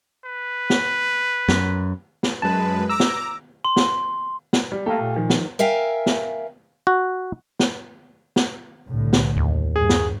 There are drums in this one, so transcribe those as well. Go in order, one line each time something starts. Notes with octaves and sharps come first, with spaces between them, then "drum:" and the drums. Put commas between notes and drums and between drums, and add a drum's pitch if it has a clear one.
B4
drum: snare
F#2, drum: snare
drum: snare
F#2 G#3 B4 A5
A#5 D6 E6
drum: snare
C6
drum: snare
drum: snare
G3
A3 A#3 G4 A4 F5
A#2
D#3 F3
drum: snare
A#4 E5 F5 G5 G#5
drum: snare
F#4
drum: snare
drum: snare
C2 A2 D3
drum: snare
D#2
G2 G#4
drum: snare